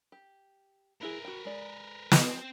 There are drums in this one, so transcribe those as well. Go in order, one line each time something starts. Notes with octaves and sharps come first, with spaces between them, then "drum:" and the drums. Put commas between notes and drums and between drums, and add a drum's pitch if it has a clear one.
G4
F3 E4 G#4 A#4 B4
F#4 G5
G#3 D5
drum: snare
C4 C5